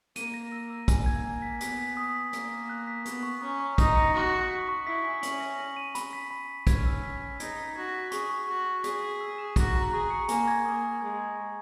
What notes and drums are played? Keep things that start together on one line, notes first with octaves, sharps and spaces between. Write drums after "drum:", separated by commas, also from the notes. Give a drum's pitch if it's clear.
A#3 D#7, drum: hi-hat
A#6
E6
E6
A#3 G#5, drum: kick, hi-hat
G#6
G#5
B6
B3 B6, drum: hi-hat
B6
D#6
B6
A#3 B6, drum: hi-hat
B6
F#6
B6
B3 C#6, drum: hi-hat
C#6
C#4 A#5
C#6
D#4 D#6, drum: kick, hi-hat
C#7
F#4 C#7
C#7
B6
C#6
E4 B6
G#5
C#4 F#7, drum: hi-hat
A#6
F#7
D#7
B5, drum: hi-hat
B6
B5
B6
C#4 G#6, drum: kick, hi-hat
E6
B6
B6
D#4 G#6, drum: hi-hat
B6
F#4 G#6
B6
G#4 C#6, drum: hi-hat
C#6
F#4 C#6
C#6
G#4 B6, drum: hi-hat
B6
E6
E7
F#4 A#5, drum: kick, hi-hat
A#5
G#4 C#6
C#7
A#3 G#5, drum: hi-hat
G#6
A#3 D#6
G#5
G#3 G#6
G#6
C#6